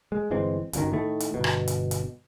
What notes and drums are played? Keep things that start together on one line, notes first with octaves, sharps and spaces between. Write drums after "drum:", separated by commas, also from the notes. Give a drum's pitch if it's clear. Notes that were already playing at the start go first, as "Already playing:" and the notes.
G#3
G1 E3 G#3 C4
G1 F#2 A2 D#3, drum: hi-hat
A2 D#3 A3
drum: hi-hat
G1 B2
drum: rim click
drum: hi-hat
drum: hi-hat